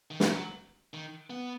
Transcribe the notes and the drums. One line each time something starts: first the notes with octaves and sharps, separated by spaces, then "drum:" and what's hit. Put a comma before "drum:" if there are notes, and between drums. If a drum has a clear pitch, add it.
D#3
F#3, drum: snare
D#3
B3